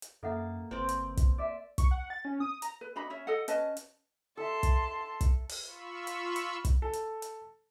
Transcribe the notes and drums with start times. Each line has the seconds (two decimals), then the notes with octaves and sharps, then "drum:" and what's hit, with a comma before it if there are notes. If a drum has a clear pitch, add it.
0.02 drum: hi-hat
0.23 F#2 A#3 A4 E5 F#5 A6
0.71 G1 C4 B4 D5
0.89 drum: hi-hat
1.17 drum: kick, hi-hat
1.38 D5 E5
1.78 C#6, drum: kick, hi-hat
1.91 F#5
2.10 A6
2.25 C#4
2.40 D#6
2.62 A#5, drum: hi-hat
2.81 B4
2.96 D4 F#4 D#5 B5
3.10 C#4 C#5 E5
3.27 A4 D#5 F#5
3.48 C#4 B4 D#5 A5, drum: hi-hat
3.77 drum: hi-hat
4.37 A4 E5 A5 C6
4.63 drum: kick, hi-hat
5.21 drum: kick, hi-hat
5.49 drum: open hi-hat
5.65 F4 B5 C#6 E6
6.07 drum: hi-hat
6.36 drum: hi-hat
6.65 drum: kick, hi-hat
6.82 A4
6.93 drum: hi-hat
7.22 drum: hi-hat